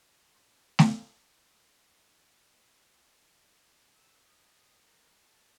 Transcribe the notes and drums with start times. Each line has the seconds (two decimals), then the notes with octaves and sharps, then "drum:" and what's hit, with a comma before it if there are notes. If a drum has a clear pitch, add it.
0.35 C#3 G3 A4 C#5 C6
0.79 drum: snare A3
3.94 E6
4.29 D#5
4.83 A#4
5.26 A5